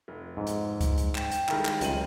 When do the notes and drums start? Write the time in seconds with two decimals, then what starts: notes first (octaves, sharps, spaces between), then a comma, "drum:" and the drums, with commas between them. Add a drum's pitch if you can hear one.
0.08 F1
0.37 G#2
0.47 drum: hi-hat
0.81 drum: kick C#2, hi-hat
0.98 drum: hi-hat
1.15 G5 E7, drum: clap
1.31 drum: hi-hat
1.48 D#3 G3 G#3 E4 A#4, drum: clap
1.65 drum: clap
1.81 C#2 F#2 D#7 F#7, drum: hi-hat